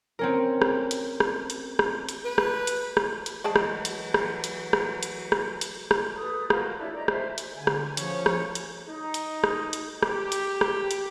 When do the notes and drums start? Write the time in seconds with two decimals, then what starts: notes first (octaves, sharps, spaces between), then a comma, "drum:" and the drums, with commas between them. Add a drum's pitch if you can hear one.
0.19 C4 C#4 A#4
0.62 drum: rim click
0.91 drum: hi-hat
1.20 drum: rim click
1.50 drum: hi-hat
1.79 drum: rim click
2.09 drum: hi-hat
2.25 B4
2.38 drum: rim click
2.67 drum: hi-hat
2.97 drum: rim click
3.26 drum: hi-hat
3.44 E3 F#3 G#3 G#4 D5 A5
3.56 drum: rim click
3.85 drum: hi-hat
4.14 drum: rim click
4.44 drum: hi-hat
4.73 drum: rim click
5.03 drum: hi-hat
5.32 drum: rim click
5.61 drum: hi-hat
5.91 drum: rim click
6.17 A4 B4 D#6
6.50 F4 F#4 A#4 B4, drum: rim click
6.79 D4 E4 C#5 A5
6.95 D5 D#5 A#5
7.08 C5 E5 G#5, drum: rim click
7.38 drum: hi-hat
7.57 D3 G#5
7.67 drum: rim click
7.97 F3 C#4 C#5, drum: hi-hat
8.26 drum: rim click
8.55 drum: hi-hat
8.88 D#4
9.14 drum: hi-hat
9.44 drum: rim click
9.73 drum: hi-hat
10.03 G4, drum: rim click
10.32 drum: hi-hat
10.61 drum: rim click
10.91 drum: hi-hat